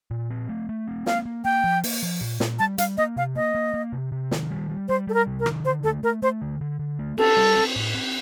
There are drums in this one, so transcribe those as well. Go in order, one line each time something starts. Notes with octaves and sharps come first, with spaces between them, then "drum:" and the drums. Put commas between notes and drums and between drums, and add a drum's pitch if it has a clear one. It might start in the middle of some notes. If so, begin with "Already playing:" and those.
A#2
C4
A3
A3
C4
A#3 F5, drum: snare
A#3
A#3 G5
F3
A#3, drum: open hi-hat
F3
A#2
A#2, drum: snare
G3 A5
G3 F5, drum: hi-hat
A#3 D#5
C3 F5
A#3 D#5
A#3
A#3
C3
C3
D#3, drum: snare
G3
G3
G3 C5
G3 A4
A#4
C3
A#4
D#3, drum: rim click
D3 C5
A3 A4
A3 A#4
A3 C5
D3
D3
D3
A3
C4 A4, drum: cymbal
G3
C4
A2
C4